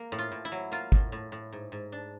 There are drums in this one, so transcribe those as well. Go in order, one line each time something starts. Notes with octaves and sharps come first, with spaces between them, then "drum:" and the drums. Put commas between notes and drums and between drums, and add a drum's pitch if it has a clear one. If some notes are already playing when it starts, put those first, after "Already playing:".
Already playing: A#3
A2
F4
A2
E4
F#3
A#3 F4
A2, drum: kick
A2
A2
G#2
G#2
D4